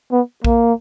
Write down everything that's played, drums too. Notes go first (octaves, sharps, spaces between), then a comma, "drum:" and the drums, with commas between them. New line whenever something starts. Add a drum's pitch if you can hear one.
B3
A#3, drum: kick A#1